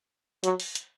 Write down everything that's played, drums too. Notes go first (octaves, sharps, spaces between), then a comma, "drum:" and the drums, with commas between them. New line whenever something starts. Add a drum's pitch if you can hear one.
F#3, drum: hi-hat
drum: open hi-hat
drum: hi-hat